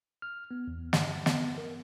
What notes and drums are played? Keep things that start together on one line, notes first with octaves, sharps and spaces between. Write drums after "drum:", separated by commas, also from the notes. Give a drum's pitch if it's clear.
F6
B3
E2
G2, drum: snare
B3, drum: snare
A#4